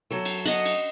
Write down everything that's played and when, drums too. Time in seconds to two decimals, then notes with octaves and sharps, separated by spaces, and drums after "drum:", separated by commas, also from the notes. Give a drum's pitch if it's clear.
0.10 F#3 A3
0.25 drum: cymbal
0.45 D#5 F#5, drum: cymbal
0.65 drum: cymbal